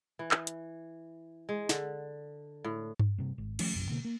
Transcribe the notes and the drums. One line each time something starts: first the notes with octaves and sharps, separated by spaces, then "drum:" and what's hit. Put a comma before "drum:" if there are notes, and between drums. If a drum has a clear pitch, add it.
E3
drum: clap
drum: hi-hat
G#3
D3, drum: snare
A2
drum: tom G2
G2 C3
G#1
D#3 F3 A3 C#4, drum: cymbal
F#1 B1 F#2
B2 D3 A#3
A#3